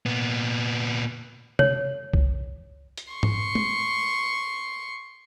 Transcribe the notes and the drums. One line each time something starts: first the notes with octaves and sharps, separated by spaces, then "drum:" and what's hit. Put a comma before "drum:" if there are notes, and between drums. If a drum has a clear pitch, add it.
A#2 B3
C#5, drum: tom C3
drum: kick C2
drum: hi-hat
C6 C#6
drum: tom G#2
drum: tom